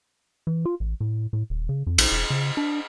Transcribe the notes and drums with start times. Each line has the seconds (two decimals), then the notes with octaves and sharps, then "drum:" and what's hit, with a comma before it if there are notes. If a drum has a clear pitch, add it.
0.47 E3
0.65 F4
0.80 A1
1.00 A2
1.33 A2
1.50 D#1
1.69 C#3
1.87 F2
1.98 A#1, drum: cymbal
2.11 E1
2.30 C#3
2.57 D4